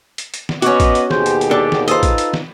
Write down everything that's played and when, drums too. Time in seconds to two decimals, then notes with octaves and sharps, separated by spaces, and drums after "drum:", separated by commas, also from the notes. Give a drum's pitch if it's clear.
0.18 drum: hi-hat
0.34 drum: hi-hat
0.49 drum: snare
0.62 B3 C#4 F#4 D#5 D6, drum: hi-hat
0.80 drum: kick, hi-hat
0.95 drum: hi-hat
1.11 D#2 B2 G4 G#4 C5, drum: snare
1.26 drum: hi-hat
1.41 drum: hi-hat
1.51 D4 A4 D5
1.72 drum: snare
1.88 D#4 F4 A4 B4 C5 D#5, drum: hi-hat
2.03 drum: kick, hi-hat
2.18 drum: hi-hat
2.34 drum: snare